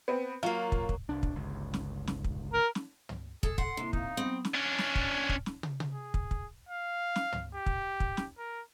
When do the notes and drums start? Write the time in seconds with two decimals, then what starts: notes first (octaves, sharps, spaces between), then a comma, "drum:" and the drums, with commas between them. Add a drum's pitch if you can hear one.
0.08 B3 C4
0.43 F#3 A#3 F4
0.72 drum: kick
0.89 drum: kick
1.09 C2 D4
1.23 drum: kick
1.35 G1 C#2
1.74 drum: snare
2.07 drum: snare
2.24 drum: kick
2.53 A#4
2.75 drum: snare
3.09 drum: tom
3.43 G#4 A4, drum: kick
3.58 F#5 C6, drum: kick
3.77 C3 A#3 E4
3.93 D#4 F5 A#5, drum: kick
4.17 F#3 B3 C4 D#6
4.45 drum: snare
4.54 C#4 D4
4.78 drum: snare
4.95 drum: kick
5.29 drum: kick
5.46 drum: snare
5.63 drum: tom
5.80 drum: tom
5.93 G#4
6.14 drum: kick
6.31 drum: kick
6.69 F5
7.16 drum: snare
7.33 drum: tom
7.55 G4
7.66 drum: kick
8.00 drum: kick
8.17 drum: snare
8.38 A#4